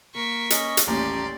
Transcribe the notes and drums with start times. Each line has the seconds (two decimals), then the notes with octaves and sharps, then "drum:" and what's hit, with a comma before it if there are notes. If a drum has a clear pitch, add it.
0.14 A#3 A#4 C#6 B6
0.50 C#4 D#5, drum: hi-hat
0.77 drum: hi-hat
0.87 D#1 A1 A#2 C#4 G4 D5 A#5 C6